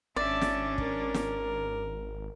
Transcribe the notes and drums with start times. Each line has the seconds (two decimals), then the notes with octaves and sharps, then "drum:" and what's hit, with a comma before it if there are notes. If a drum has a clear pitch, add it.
0.16 G#1 C#4 D4 D5 E5 A5
0.42 drum: snare
0.78 A#4, drum: kick
1.14 drum: snare